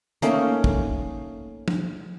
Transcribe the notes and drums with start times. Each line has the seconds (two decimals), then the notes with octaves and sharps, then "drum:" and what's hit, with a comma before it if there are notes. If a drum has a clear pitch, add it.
0.22 A3 A#3 C#4 D#4, drum: hi-hat
0.64 drum: kick
1.68 drum: tom F3